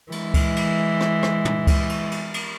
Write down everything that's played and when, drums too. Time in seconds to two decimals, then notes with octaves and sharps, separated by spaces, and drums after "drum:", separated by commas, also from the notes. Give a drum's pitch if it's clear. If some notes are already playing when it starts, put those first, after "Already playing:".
0.12 E3 G#3, drum: cymbal
0.34 drum: kick C#2, cymbal
0.56 drum: cymbal
1.01 drum: rim click
1.23 drum: rim click
1.45 drum: tom
1.67 drum: kick C#2, cymbal
1.89 drum: cymbal
2.12 drum: cymbal
2.34 drum: cymbal